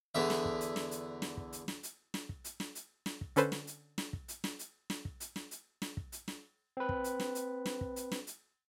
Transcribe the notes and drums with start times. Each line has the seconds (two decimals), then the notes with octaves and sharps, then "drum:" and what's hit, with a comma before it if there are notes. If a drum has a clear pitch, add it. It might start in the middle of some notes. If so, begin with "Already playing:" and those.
0.15 E2 D3 E5
0.30 drum: snare
0.45 drum: kick
0.61 drum: hi-hat
0.76 drum: snare
0.91 drum: hi-hat
1.22 drum: snare
1.37 drum: kick
1.53 drum: hi-hat
1.68 drum: snare
1.83 drum: hi-hat
2.14 drum: snare
2.29 drum: kick
2.44 drum: hi-hat
2.60 drum: snare
2.75 drum: hi-hat
3.06 drum: snare
3.21 drum: kick
3.36 D3 C#4 A4 B4 C5, drum: hi-hat
3.52 drum: snare
3.67 drum: hi-hat
3.98 drum: snare
4.13 drum: kick
4.28 drum: hi-hat
4.44 drum: snare
4.59 drum: hi-hat
4.90 drum: snare
5.05 drum: kick
5.20 drum: hi-hat
5.36 drum: snare
5.51 drum: hi-hat
5.82 drum: snare
5.97 drum: kick
6.12 drum: hi-hat
6.28 drum: snare
6.77 C4 B4
6.89 drum: kick
7.04 drum: hi-hat
7.20 drum: snare
7.35 drum: hi-hat
7.66 drum: snare
7.81 drum: kick
7.96 drum: hi-hat
8.12 drum: snare
8.27 drum: hi-hat